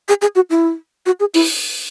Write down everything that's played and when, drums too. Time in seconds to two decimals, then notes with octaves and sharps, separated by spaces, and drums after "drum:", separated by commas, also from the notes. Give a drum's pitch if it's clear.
0.08 G#4
0.22 G#4
0.35 F#4
0.50 E4
1.06 F#4
1.20 G#4
1.34 E4, drum: open hi-hat